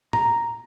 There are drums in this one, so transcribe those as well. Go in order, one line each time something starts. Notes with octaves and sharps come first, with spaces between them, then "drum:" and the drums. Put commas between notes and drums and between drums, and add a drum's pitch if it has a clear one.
A#5, drum: tom A2